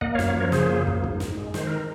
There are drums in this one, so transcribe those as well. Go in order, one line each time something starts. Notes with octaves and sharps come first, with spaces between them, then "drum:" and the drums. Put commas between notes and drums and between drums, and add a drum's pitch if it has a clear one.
A#3 D#5 F#5, drum: kick
C#5 F5
F#2, drum: snare
C#5 F5
F3
A#4 C#5
C#3 G#4 C5, drum: snare
A#3
F#2, drum: kick
G#2, drum: kick
G#2, drum: snare
G#3
D#3 C5, drum: snare
A#4